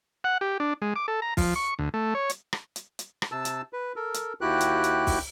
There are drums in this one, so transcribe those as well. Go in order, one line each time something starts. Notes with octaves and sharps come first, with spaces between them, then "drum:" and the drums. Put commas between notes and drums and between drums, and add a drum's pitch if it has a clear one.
F#5
G4
D4
G#3
D6
A4
A#5
F3, drum: kick, open hi-hat
C#6
D2
A3
C#5
drum: hi-hat
drum: rim click
drum: hi-hat
drum: hi-hat
drum: rim click
C3 A5 E6
drum: hi-hat
B4
A4 A#4
drum: hi-hat
D#2 E4 F#4 G4 G5 F#6
drum: hi-hat
drum: hi-hat
drum: kick, open hi-hat